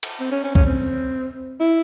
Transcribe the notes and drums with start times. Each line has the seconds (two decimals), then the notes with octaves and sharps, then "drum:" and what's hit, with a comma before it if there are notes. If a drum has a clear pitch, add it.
0.03 drum: cymbal
0.20 C4
0.32 C#4
0.44 C#4
0.55 C#4, drum: kick C2
0.66 C4
1.60 E4